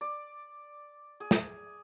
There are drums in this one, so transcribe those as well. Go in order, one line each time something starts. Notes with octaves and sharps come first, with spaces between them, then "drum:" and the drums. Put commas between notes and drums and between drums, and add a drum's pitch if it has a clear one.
D5
G#4
drum: snare